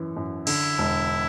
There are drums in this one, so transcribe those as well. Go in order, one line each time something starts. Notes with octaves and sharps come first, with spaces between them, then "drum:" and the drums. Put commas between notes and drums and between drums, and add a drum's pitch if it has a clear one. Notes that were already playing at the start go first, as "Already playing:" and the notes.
Already playing: F#2 E3
F#2
D3 E4, drum: cymbal
E1